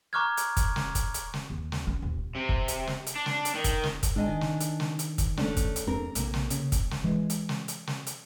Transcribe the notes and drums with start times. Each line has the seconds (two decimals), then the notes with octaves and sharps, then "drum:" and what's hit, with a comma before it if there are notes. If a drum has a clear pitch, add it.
0.13 A#5 C#6 D6 F6 F#6 G#6
0.37 drum: hi-hat
0.57 drum: kick, hi-hat
0.76 drum: snare
0.95 drum: kick, hi-hat
1.14 drum: hi-hat
1.34 drum: snare
1.50 D#2
1.72 drum: snare
1.87 C#4
2.02 D#1
2.35 C3
2.49 drum: kick
2.68 drum: hi-hat
2.87 drum: snare
3.07 drum: hi-hat
3.16 D4
3.26 drum: snare
3.45 drum: hi-hat
3.55 D#3
3.64 drum: kick, hi-hat
3.84 drum: snare
4.03 drum: kick, hi-hat
4.16 G#1 G#2 D4 D#5 G#5
4.28 D#3
4.41 drum: snare
4.60 drum: hi-hat
4.80 drum: snare
4.99 drum: hi-hat
5.18 drum: kick, hi-hat
5.37 A3 C#4 D4, drum: snare
5.57 drum: kick, hi-hat
5.76 drum: hi-hat
5.87 E2 C4 D4 A#4
6.15 A#1 C3 A#3, drum: hi-hat
6.34 drum: snare
6.50 C#3, drum: hi-hat
6.72 drum: kick, hi-hat
6.91 drum: snare
7.04 E3 G#3
7.30 drum: hi-hat
7.49 drum: snare
7.68 drum: hi-hat
7.87 drum: snare
8.07 drum: hi-hat